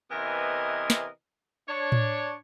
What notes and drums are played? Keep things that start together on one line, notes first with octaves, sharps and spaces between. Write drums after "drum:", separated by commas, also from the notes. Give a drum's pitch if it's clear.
C3 E3 B3 A#4 D#5 G#5
drum: snare
D4 C#5
drum: tom A2